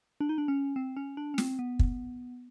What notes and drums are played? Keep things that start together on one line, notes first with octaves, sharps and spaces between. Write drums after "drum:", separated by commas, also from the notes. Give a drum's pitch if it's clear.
D4
D#4
D4
C#4
C4
C#4
D4
C#4
C4, drum: snare
B3
drum: kick